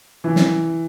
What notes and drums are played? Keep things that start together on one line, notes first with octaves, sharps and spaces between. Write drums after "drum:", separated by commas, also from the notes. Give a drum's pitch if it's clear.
E3
drum: snare